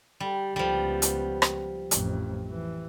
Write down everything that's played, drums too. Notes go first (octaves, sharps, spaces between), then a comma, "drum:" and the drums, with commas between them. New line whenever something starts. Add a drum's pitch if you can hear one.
G3
C#2 F3 G3 B3
drum: hi-hat
drum: rim click
A1 F2, drum: hi-hat
E3